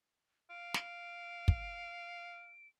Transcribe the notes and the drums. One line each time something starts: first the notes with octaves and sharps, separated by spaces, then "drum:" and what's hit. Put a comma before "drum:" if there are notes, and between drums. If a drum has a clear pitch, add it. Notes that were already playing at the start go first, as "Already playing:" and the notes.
F5 D7
drum: snare
drum: kick